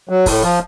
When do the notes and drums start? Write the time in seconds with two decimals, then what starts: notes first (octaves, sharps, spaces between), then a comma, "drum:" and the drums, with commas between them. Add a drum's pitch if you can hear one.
0.09 F#3
0.26 A2, drum: kick, open hi-hat
0.43 F3